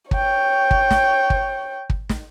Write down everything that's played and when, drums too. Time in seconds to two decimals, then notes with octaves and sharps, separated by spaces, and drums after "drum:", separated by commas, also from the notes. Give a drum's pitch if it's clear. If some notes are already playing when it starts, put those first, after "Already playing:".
0.11 C#5 G5, drum: kick
0.71 drum: kick
0.90 drum: snare
1.30 drum: kick
1.90 drum: kick
2.09 drum: snare